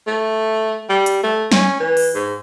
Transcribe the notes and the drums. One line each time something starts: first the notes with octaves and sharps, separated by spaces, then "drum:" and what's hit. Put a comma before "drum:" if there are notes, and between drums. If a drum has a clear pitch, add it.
A3
G3
drum: hi-hat
A3
C#4, drum: snare
E3
drum: open hi-hat
G#2